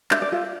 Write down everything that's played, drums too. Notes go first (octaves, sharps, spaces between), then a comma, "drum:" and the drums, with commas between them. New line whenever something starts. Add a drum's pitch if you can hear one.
D4 E5, drum: clap
D5
F4 A4 E5